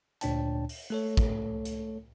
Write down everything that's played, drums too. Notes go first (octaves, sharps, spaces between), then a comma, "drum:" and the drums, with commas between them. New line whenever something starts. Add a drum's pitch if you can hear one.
D2 A#2 D4 C#5 G5 A5, drum: hi-hat
drum: open hi-hat
A3 A4 C#5
drum: kick, hi-hat
drum: hi-hat